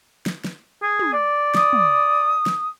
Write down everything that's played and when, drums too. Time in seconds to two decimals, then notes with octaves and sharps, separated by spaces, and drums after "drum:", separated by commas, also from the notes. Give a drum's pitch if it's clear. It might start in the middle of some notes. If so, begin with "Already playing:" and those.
0.26 drum: snare
0.44 drum: snare
0.83 G#4
0.99 drum: tom
1.13 D5
1.54 D#6, drum: snare
1.73 drum: tom
2.46 drum: snare